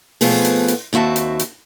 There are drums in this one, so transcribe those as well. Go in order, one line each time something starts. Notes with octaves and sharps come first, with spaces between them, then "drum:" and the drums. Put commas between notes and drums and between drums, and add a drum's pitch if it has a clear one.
B2 F3 A3 B3 C4 G#4, drum: open hi-hat
drum: hi-hat
drum: hi-hat
D#2 C4 F#4 E5 A5
drum: hi-hat
drum: hi-hat